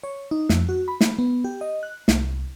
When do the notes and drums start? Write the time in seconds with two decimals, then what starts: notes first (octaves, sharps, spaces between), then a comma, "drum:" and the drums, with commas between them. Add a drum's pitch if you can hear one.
0.03 C#5
0.31 D#4
0.49 F2, drum: snare
0.69 F#4
0.88 B5
1.01 drum: snare
1.18 B3
1.44 G4
1.61 D#5
1.83 F#6
2.08 C2, drum: snare